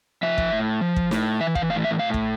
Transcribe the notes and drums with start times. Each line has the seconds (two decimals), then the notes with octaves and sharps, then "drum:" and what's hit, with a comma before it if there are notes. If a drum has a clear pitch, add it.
0.23 F3 E5
0.38 drum: kick
0.52 A2
0.81 F3
0.96 drum: kick
1.11 A2, drum: snare
1.40 E3 E5
1.55 F5, drum: kick
1.70 A2 F5
1.85 E5
1.99 A2 F5
2.14 drum: kick